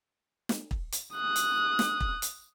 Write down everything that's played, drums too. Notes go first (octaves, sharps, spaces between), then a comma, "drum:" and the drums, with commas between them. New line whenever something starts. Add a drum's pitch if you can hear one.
drum: snare
drum: kick
drum: hi-hat
D#6 F#6
drum: hi-hat
drum: snare
drum: kick
drum: hi-hat